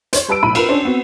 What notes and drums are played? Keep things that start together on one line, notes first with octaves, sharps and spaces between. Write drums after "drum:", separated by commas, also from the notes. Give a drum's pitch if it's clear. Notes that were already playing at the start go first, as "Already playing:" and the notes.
C5 C#5, drum: hi-hat
G3 B4 A5 E6 D7
B1 A2 B5 D#7
F4 A#4 B4, drum: cymbal
C#4 D4 C5
B3 C4 F#4